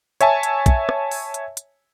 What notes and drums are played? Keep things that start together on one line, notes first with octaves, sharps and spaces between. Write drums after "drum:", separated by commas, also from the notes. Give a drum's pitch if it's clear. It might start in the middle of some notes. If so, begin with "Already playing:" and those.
C#5 E5 G#5 A5, drum: hi-hat
drum: hi-hat
drum: kick, hi-hat
drum: rim click
drum: open hi-hat
drum: hi-hat
drum: hi-hat